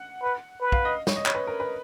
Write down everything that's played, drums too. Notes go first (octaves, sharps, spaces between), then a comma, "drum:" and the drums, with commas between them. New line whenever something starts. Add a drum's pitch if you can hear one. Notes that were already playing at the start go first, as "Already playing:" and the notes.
Already playing: F#5
B4
B4
F5, drum: kick
D#5
C#5, drum: snare
D#5
C#5, drum: clap
B4
A#4
B4